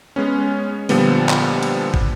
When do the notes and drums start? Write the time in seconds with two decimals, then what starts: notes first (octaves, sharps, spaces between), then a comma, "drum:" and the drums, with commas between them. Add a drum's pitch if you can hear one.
0.16 G#3 B3 C#4
0.89 A#2 D3 F3 G3 B3, drum: open hi-hat
1.29 drum: clap
1.63 drum: cymbal
1.94 drum: kick